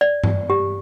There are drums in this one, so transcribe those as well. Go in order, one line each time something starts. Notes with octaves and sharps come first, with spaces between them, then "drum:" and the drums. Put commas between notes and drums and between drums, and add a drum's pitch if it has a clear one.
D5
drum: tom G2
G4